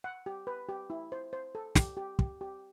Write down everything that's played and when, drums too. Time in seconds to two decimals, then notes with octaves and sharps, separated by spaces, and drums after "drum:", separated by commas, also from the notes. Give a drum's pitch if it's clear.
0.04 F#5
0.26 G4
0.47 B4
0.69 G4
0.90 E4
1.12 C5
1.33 C5
1.55 A4
1.75 G4, drum: snare
1.97 G4
2.19 G4, drum: kick
2.41 G4